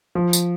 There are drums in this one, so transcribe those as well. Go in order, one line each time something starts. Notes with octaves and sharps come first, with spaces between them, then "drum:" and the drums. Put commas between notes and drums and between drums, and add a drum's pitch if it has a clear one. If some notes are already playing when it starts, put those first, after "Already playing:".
F3
drum: tambourine